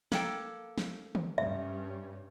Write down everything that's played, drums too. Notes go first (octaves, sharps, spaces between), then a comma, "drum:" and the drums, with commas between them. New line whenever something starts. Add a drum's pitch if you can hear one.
A#3 A4 G5, drum: snare
drum: snare
drum: tom
G2 G3 C#4 E5